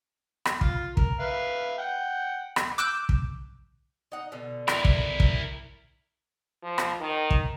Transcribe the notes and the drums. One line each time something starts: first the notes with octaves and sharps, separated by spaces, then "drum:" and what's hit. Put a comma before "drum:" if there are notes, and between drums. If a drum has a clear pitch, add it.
drum: rim click
F4, drum: kick
A#4, drum: kick
B4 E5 F5
F#5 G5
drum: rim click
D6 E6 F#6 G6 D7 E7
drum: kick
D#4 F#5
B2 D3
E4 A#4, drum: rim click
drum: kick
drum: kick
F3
drum: rim click
D#3
drum: kick